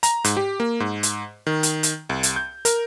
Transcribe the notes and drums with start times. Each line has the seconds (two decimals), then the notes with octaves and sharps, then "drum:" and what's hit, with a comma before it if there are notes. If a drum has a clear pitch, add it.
0.03 A#5, drum: hi-hat
0.24 G#2, drum: hi-hat
0.37 G4
0.60 A#3
0.80 G#2
1.03 drum: hi-hat
1.47 D#3
1.63 drum: hi-hat
1.83 drum: hi-hat
2.09 C2
2.23 drum: hi-hat
2.36 G6
2.65 A#4, drum: hi-hat